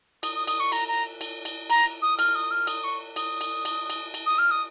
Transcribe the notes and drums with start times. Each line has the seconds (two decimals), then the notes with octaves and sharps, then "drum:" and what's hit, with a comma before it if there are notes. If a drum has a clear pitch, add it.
0.23 D#6, drum: cymbal
0.36 D#6
0.47 D#6, drum: cymbal
0.60 C#6
0.72 A#5, drum: cymbal
0.88 A#5
1.21 drum: cymbal
1.45 drum: cymbal
1.70 A#5, drum: cymbal
2.02 D#6
2.19 F6, drum: cymbal
2.35 D#6
2.51 F6
2.67 D#6, drum: cymbal
2.84 C#6
3.16 D#6, drum: cymbal
3.41 drum: cymbal
3.65 drum: cymbal
3.90 drum: cymbal
4.14 drum: cymbal
4.26 D#6
4.39 F6
4.51 D#6